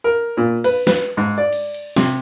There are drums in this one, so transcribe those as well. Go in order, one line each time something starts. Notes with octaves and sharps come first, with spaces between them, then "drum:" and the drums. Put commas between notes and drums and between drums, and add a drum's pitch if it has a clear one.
A#4
A#2
B4, drum: cymbal
B4, drum: snare
G#2
D5
drum: cymbal
drum: cymbal
C3, drum: snare